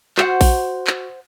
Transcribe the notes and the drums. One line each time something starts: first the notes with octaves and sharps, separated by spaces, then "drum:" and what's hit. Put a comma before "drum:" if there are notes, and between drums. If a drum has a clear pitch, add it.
F#4 C5 F#5, drum: clap
drum: kick A#1, open hi-hat
drum: clap